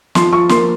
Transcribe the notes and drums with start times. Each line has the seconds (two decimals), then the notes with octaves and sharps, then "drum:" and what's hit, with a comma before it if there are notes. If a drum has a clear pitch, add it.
0.15 F3 C6, drum: snare
0.32 F3 C#6
0.49 A#3 C6, drum: snare